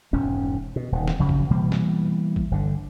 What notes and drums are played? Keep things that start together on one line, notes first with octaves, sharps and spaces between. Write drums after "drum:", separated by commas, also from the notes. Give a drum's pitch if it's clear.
E1 F2 G#2 C#4
B2
D#1 D#3
drum: snare
F#1 C#3 F3 F#3
drum: kick G#1
B2 E3 G3 A#3
drum: snare
drum: kick G#1
G1 D3